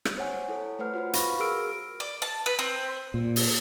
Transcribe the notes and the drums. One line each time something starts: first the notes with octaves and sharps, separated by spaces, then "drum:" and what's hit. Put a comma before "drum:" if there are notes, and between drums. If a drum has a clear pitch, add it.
drum: rim click
C5 C#5 F#5 G#5
E4 A4 C#5
A3 B4 C5 F#5 F6
F4 F#4 B4 C5
F5 B5 C#6 A#6, drum: hi-hat
F#4 G#4 A#4 E6 F6 D7
D5
A5
B4
C4
A#2
drum: open hi-hat